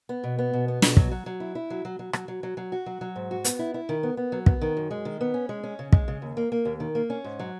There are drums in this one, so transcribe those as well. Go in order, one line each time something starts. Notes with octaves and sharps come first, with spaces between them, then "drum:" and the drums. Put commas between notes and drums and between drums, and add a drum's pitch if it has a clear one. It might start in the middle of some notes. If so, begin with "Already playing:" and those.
B3
B2
B3
B2
B3
B2, drum: snare
F#3, drum: kick
F#3
F#3
E4
E4
F#3
F#3
F#3
F#3, drum: rim click
F#3
F#3
F#3
F#4
F#3
F#3
G#2
F#4
B3, drum: hi-hat
E4
E4
D#3
B3
B3
F#3
B3, drum: kick
D#3
F#2
G#3
D#3
B3
C#4
G#3
C#4
C#3
G#3, drum: kick
C#3
D#2
A#3
A#3
D#2
D#3
A#3
C#4
G#2
F#3